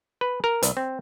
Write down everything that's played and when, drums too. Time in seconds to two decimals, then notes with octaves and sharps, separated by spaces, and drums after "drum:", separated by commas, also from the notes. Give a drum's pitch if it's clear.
0.21 B4
0.44 A#4
0.63 C2, drum: hi-hat
0.77 C4